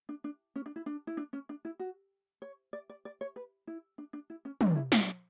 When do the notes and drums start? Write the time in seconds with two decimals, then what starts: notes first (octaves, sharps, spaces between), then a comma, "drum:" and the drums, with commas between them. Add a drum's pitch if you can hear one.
0.09 D4
0.24 D4
0.56 C#4
0.66 D4
0.76 E4
0.86 D4
1.07 E4
1.17 D4
1.33 C#4
1.49 D4
1.65 E4
1.79 F#4
2.42 C#5
2.73 D5
2.90 D5
3.05 D5
3.21 C#5
3.36 B4
3.67 E4
3.98 D4
4.13 D4
4.30 E4
4.45 C#4
4.61 D4, drum: tom
4.71 D4
4.76 E4
4.92 E4, drum: snare